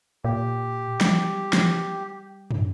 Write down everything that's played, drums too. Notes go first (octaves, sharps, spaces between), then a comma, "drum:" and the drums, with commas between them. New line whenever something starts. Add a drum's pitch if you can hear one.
A#2 G4
G3, drum: snare
drum: snare
drum: tom